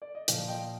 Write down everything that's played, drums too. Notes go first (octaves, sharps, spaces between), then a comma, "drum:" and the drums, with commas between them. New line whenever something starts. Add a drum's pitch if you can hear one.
D5
D#5
A#2 F3 D5 F5, drum: hi-hat
D#5 G5